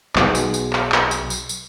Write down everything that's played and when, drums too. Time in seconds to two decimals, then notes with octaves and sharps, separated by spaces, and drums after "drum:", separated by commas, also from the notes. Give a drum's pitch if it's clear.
0.16 B1 B2 E3 G#3, drum: clap
0.35 drum: tambourine
0.54 drum: tambourine
0.73 drum: clap
0.92 drum: clap
1.11 drum: tambourine
1.30 drum: tambourine
1.49 drum: tambourine